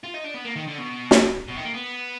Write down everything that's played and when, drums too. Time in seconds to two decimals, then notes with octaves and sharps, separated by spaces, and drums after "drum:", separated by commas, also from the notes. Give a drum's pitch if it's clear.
0.04 F4
0.14 D#4
0.24 D4
0.34 B3
0.44 A#3
0.56 D#3
0.68 D3
0.79 B2
1.11 drum: snare
1.48 B2
1.57 D#3
1.65 A#3
1.74 B3